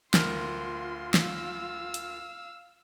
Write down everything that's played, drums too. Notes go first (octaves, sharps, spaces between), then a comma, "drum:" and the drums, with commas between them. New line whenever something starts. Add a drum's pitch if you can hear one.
D2 F4 A#4 C6 F6, drum: snare
F5 E6, drum: snare
drum: hi-hat